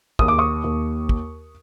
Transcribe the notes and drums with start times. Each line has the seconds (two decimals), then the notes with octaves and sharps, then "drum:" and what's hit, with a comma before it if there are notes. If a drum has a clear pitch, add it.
0.19 D#2 D#6, drum: kick
0.28 D6
0.39 C#6 D#6
0.64 D#2
1.09 drum: kick